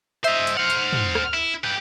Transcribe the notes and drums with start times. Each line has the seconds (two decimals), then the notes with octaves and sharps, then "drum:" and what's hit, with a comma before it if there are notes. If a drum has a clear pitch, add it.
0.24 C5 D#5 E5, drum: hi-hat
0.47 drum: hi-hat
0.57 C5 F#5 F6
0.70 drum: hi-hat
0.93 drum: tom
1.15 drum: rim click
1.34 E4
1.64 G4 B4